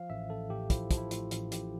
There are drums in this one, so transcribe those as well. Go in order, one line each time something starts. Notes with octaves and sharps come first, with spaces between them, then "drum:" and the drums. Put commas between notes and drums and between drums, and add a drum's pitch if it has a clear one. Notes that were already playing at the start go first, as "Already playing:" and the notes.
Already playing: F3 F5
A1 E5
A1 A4
A2 G4
F3 E4, drum: kick, hi-hat
F3, drum: kick, hi-hat
E4
A2 F4, drum: hi-hat
A1, drum: hi-hat
A1 G4, drum: hi-hat